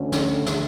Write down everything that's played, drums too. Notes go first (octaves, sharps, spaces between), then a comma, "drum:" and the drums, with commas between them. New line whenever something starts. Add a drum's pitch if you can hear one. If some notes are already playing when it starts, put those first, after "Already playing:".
Already playing: D2 D3 C#4
drum: snare
drum: snare